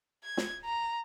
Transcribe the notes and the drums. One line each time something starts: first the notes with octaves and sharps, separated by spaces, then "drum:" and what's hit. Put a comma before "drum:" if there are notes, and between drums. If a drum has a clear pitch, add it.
G#6
drum: snare
A#5